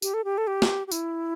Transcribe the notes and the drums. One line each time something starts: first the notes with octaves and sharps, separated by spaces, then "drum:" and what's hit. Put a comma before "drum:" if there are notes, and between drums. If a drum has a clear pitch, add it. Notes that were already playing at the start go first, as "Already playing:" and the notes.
G4, drum: tambourine
A4
G4
A4
G4
drum: snare
G4
E4, drum: tambourine